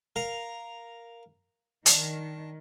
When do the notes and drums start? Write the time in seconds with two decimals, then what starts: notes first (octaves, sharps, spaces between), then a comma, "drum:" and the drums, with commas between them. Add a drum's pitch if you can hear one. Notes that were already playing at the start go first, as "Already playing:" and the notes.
0.16 A#4 F5 A#5
1.86 D#3 D4, drum: hi-hat